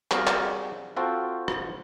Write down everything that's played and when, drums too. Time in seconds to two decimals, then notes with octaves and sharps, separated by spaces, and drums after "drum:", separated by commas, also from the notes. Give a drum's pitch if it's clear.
0.11 G3 C4 F#4 G#4 A#4 F5, drum: clap
0.27 drum: clap
0.96 C4 F4 F#4 A4 C5 G5
1.48 drum: rim click